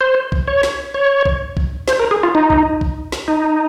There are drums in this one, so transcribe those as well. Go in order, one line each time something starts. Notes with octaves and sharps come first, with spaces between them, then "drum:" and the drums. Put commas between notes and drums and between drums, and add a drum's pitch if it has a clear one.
C5
drum: kick B1
C#5
drum: snare
C#5
drum: kick B1
drum: kick B1
C5, drum: snare
A#4
G#4
F4
D#4
drum: kick B1
drum: kick B1
drum: snare
D#4